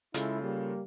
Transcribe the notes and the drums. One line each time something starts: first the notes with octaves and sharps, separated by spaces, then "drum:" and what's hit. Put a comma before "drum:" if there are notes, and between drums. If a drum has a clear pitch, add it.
C#3 G#3 E4 F4 A4, drum: hi-hat
G3 A#3